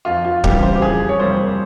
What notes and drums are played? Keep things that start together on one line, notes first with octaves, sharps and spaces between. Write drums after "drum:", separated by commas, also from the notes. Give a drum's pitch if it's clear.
F2 F4
F4
C#3 E3 G3 A#3 G4, drum: kick
C5
G4
F2 G#4
C#5
C3 G3 A#3 C5